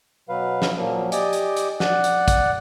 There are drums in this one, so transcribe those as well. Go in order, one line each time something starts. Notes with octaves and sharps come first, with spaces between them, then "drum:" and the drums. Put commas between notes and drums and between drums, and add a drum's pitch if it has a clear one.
B2 F#3 B4 F5
drum: snare
A#2 F3 F#3 A#3
G4 D5 D#5 G5 G#5, drum: hi-hat
drum: hi-hat
drum: hi-hat
D5 F#5 F#6, drum: snare
drum: hi-hat
drum: kick, hi-hat